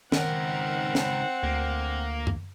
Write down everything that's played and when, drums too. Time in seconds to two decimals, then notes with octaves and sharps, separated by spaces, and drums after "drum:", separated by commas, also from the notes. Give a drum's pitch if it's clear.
0.12 C#2 D#3 C4 A#4 F#5, drum: snare
0.95 drum: snare
1.43 D2 A#3
2.27 drum: tom